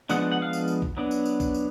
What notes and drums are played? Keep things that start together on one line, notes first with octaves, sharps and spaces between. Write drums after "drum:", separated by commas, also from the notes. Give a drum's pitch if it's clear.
F3 G#3 B3 D4 F#5, drum: tambourine
F#5
F5
drum: tambourine
drum: tambourine
drum: kick B1
F#3 B3 D4
drum: tambourine
drum: tambourine
drum: kick B1, tambourine
drum: tambourine